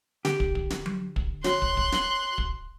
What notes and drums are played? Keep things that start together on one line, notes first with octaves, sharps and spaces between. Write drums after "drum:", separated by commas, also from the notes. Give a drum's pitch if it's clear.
D3 G4, drum: snare
drum: kick
drum: kick
drum: snare
drum: tom F#3
drum: kick
F#4 C#5 C6 F#6, drum: snare
drum: kick
drum: kick
drum: snare
drum: kick